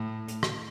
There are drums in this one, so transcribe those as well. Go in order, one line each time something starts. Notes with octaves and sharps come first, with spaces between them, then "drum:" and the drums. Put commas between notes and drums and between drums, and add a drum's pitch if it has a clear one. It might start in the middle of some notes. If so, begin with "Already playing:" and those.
Already playing: A2
drum: hi-hat
drum: rim click